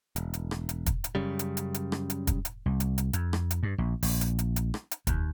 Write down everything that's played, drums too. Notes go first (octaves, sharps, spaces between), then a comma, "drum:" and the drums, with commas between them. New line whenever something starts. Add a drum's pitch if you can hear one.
E1, drum: hi-hat
drum: hi-hat
drum: rim click
drum: hi-hat
drum: kick, hi-hat
drum: hi-hat
F#2 C#3 G3
drum: hi-hat
drum: hi-hat
drum: hi-hat
drum: rim click
drum: hi-hat
drum: kick, hi-hat
drum: hi-hat
C2
drum: hi-hat
drum: hi-hat
F2, drum: hi-hat
drum: rim click
drum: hi-hat
G2
A#1
A#1, drum: open hi-hat
drum: hi-hat
drum: hi-hat
drum: hi-hat
drum: rim click
drum: hi-hat
D#2, drum: kick, hi-hat